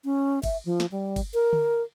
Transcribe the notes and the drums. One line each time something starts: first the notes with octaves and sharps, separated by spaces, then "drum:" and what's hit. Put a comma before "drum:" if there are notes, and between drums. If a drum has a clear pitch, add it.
C#4
E5, drum: kick, cymbal
F3
drum: snare
G3
drum: kick, cymbal
A#4
drum: tom D3